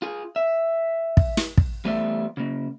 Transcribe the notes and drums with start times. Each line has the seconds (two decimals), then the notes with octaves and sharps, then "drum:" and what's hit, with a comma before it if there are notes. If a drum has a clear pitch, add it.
0.02 F4 G#4
0.36 E5
1.17 drum: kick
1.37 drum: snare
1.57 drum: kick
1.85 E2 G3 A3 G4 C5 E5
2.37 C#3 A#3